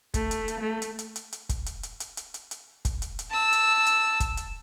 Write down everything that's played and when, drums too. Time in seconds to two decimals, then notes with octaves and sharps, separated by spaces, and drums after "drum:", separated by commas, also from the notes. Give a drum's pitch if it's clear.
0.14 A3, drum: kick, hi-hat
0.31 drum: hi-hat
0.48 drum: hi-hat
0.61 A3
0.82 drum: hi-hat
0.99 drum: hi-hat
1.16 drum: hi-hat
1.32 drum: hi-hat
1.49 drum: kick, hi-hat
1.66 drum: hi-hat
1.83 drum: hi-hat
2.00 drum: hi-hat
2.17 drum: hi-hat
2.34 drum: hi-hat
2.51 drum: hi-hat
2.85 drum: kick, hi-hat
3.02 drum: hi-hat
3.19 drum: hi-hat
3.30 A5 E6
3.53 drum: hi-hat
3.86 drum: hi-hat
4.20 drum: kick, hi-hat
4.37 drum: hi-hat